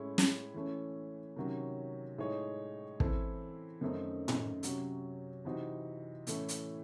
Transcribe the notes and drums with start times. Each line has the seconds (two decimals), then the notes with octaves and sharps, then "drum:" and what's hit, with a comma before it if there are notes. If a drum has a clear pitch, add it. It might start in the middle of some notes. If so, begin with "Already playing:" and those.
Already playing: A2 G#3 C#4 E4
0.18 drum: snare
0.54 E3 A3 C#4
1.36 C3 D#3 F#3 C#4
2.18 A2 G#3 D#4 G#4 C#5
3.00 E3 C4 E4 A4, drum: kick
3.81 F#2 D#3 A3 C4 D#4
4.28 drum: tom A2
4.63 C3 F#3 C#4, drum: hi-hat
5.45 C3 E3 C4 D#4 F#4
6.27 A2 E3 A3 C#4, drum: hi-hat
6.48 drum: hi-hat